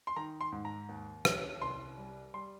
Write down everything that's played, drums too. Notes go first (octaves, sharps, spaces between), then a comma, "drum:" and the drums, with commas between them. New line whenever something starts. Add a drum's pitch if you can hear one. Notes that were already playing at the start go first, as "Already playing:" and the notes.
C6
D#3 A#5
C6
G#2
A#5
D#2
C#4, drum: rim click
C2 C6
G3
G3 C6